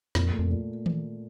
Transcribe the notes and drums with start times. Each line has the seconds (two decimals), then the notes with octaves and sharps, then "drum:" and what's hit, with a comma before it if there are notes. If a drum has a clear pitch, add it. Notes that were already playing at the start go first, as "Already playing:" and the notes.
0.15 F2 A#2, drum: snare
0.33 A3
0.39 F2
0.50 A#2
0.86 drum: tom D#3